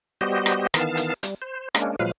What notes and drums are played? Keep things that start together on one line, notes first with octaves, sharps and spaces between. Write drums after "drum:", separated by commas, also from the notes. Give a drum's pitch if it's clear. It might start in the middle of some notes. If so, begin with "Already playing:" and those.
G3 B3 F#4 G4 C5 D#5
drum: rim click
D#3 E3 B3 F5 A5, drum: rim click
drum: hi-hat
G3, drum: hi-hat
C5
G#3 A#3 C#4 D4, drum: rim click
A#2 F3 F#3 G#3 B4 F5